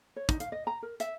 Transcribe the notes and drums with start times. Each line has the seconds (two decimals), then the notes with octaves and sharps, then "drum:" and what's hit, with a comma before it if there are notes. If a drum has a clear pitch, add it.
0.16 C#5
0.29 D#4, drum: kick, hi-hat
0.40 F5, drum: hi-hat
0.52 D#5
0.67 A#5
0.83 A#4
1.00 E5, drum: hi-hat